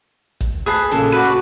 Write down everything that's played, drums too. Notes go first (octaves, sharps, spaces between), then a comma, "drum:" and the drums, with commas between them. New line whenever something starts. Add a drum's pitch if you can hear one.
drum: kick, hi-hat
G#4 B4 A5 D#6 C7
A#2 C#3 A4, drum: hi-hat
F#4 B4 D5 D#7
drum: hi-hat